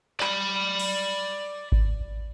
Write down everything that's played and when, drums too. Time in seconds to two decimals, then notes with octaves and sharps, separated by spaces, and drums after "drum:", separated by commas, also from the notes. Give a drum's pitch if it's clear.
0.20 D5 B5, drum: clap
0.79 drum: cymbal
1.72 drum: kick G#1